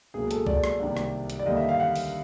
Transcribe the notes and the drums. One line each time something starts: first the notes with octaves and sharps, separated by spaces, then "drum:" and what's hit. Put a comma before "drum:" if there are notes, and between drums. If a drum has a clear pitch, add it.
C#2 B2 F#3 A#3 G#4
A4, drum: hi-hat
D5, drum: kick C2
drum: rim click
C2 C3 D#3 G3 A#3
drum: rim click
drum: hi-hat
D5
D#2 D3 G3 A#3 D#5
E5
F5
F#5
drum: open hi-hat